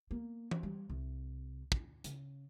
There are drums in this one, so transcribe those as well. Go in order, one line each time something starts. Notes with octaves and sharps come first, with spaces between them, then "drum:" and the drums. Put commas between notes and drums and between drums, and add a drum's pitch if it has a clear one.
A#3
drum: tom E3
G3
C2
drum: kick
C#3, drum: hi-hat